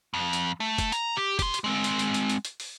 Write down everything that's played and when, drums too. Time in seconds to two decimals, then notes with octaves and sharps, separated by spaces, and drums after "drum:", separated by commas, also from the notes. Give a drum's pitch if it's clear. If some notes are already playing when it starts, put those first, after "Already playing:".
0.14 F2
0.33 drum: hi-hat
0.60 A3
0.78 drum: kick F1, hi-hat
0.92 A#5, drum: hi-hat
1.17 G4
1.39 G4 C6, drum: kick F1, hi-hat
1.54 drum: hi-hat
1.64 G#3 C4
1.84 drum: hi-hat
1.99 drum: hi-hat
2.14 drum: hi-hat
2.29 drum: hi-hat
2.45 drum: hi-hat
2.60 drum: open hi-hat